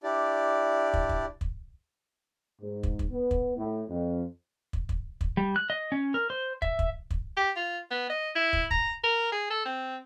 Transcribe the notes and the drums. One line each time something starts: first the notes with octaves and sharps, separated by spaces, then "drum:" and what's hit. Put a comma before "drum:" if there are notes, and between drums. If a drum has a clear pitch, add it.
D4 E4 G4 D5
drum: kick
drum: kick
drum: kick
G#2
drum: kick
drum: kick
B3
drum: kick
A2
F2
drum: kick
drum: kick
drum: kick
G3
F#6
D#5
C#4
A#4
C5
E5, drum: kick
drum: kick
drum: kick
G4
F4
B3
D#5
E4
drum: kick
A#5, drum: kick
A#4
G#4
A4
C4